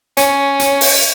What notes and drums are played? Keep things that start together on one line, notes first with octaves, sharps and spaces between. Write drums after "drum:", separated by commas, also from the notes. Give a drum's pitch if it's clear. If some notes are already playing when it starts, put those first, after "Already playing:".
C#4, drum: hi-hat
drum: hi-hat
drum: open hi-hat